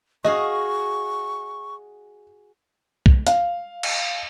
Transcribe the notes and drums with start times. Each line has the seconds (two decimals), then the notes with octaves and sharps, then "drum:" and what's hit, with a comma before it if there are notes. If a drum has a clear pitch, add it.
0.24 F#4 G#4 D#5 F5 C#6
3.06 drum: kick B1
3.27 F5, drum: hi-hat
3.83 drum: cymbal